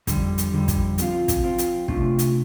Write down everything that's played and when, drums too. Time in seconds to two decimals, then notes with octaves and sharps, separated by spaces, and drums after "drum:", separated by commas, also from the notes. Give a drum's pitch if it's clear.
0.07 F2 D3 G3, drum: kick, hi-hat
0.38 drum: hi-hat
0.53 F2 D3 G3
0.68 drum: kick, hi-hat
0.98 F3 C4 F4, drum: hi-hat
1.28 drum: kick, hi-hat
1.44 F3 C4 F4
1.58 drum: hi-hat
1.88 C3 A3 D4 F4, drum: kick
2.19 drum: hi-hat